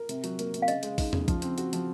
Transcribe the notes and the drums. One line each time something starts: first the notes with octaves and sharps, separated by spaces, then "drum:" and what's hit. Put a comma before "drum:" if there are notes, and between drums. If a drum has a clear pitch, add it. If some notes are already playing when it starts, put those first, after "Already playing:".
Already playing: A#4
C3, drum: hi-hat
F#3, drum: hi-hat
A#3, drum: hi-hat
C3, drum: hi-hat
F5
C#3 D#5, drum: hi-hat
G#3, drum: hi-hat
D#4, drum: kick, open hi-hat
C#3, drum: tom E2
F3, drum: kick, hi-hat
C4, drum: hi-hat
F#4, drum: hi-hat
F3, drum: hi-hat